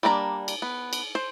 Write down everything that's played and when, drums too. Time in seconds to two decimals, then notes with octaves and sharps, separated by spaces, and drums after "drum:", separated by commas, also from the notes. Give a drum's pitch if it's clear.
0.03 G3 A#3 D4 A#5
0.48 drum: cymbal
0.62 B3
0.93 drum: cymbal
1.15 C5